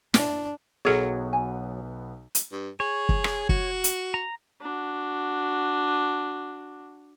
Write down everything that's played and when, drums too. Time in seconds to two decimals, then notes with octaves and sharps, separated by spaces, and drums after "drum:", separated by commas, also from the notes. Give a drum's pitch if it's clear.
0.14 D4, drum: snare
0.85 B1 F#3 B3 G#4 A4 C#5
1.33 G#5
2.35 drum: hi-hat
2.52 G2
2.80 G#4 C#5
3.09 drum: kick
3.24 drum: rim click
3.49 F#4, drum: kick
3.84 drum: hi-hat
4.14 A#5
4.61 D4 F#4